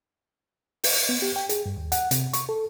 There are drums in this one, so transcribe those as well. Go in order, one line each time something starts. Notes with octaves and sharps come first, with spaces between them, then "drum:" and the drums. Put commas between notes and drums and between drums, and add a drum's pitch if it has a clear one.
drum: open hi-hat
B3
G4
G5
G#4, drum: hi-hat
G2
D#2
F#5, drum: hi-hat
C3, drum: hi-hat
C#6, drum: hi-hat
A4